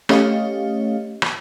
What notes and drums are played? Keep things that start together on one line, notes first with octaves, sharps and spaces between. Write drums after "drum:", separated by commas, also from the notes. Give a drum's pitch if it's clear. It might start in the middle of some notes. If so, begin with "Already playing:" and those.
A3 C#4 G4 C#5 D#5 F5, drum: rim click
drum: rim click